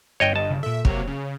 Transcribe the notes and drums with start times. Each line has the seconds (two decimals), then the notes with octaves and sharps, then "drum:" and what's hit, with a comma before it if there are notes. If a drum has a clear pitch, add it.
0.20 G1 G2 C#5 D#5 G5
0.36 D#5 A5
0.50 C#3
0.63 A#2 A4 E5
0.85 C3 F#3 A#3 C#5, drum: kick
1.07 C#3